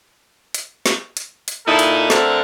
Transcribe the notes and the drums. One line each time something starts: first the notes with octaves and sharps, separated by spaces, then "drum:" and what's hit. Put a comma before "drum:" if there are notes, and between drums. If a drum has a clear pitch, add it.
drum: hi-hat
drum: snare
drum: hi-hat
drum: hi-hat
A#2 D#4 E4 A4
drum: hi-hat
D3 A3 C4 A4 A#4, drum: snare